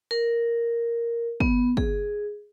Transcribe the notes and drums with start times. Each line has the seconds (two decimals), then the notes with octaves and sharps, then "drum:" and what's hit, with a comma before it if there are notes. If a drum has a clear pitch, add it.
0.11 A#4
1.40 B3, drum: kick
1.77 G#4, drum: kick